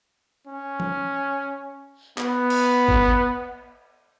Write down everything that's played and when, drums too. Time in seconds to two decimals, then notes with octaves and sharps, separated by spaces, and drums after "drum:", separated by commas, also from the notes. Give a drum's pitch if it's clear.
0.47 C#4
0.80 drum: tom F3
2.18 B3, drum: clap
2.50 drum: cymbal
2.88 drum: kick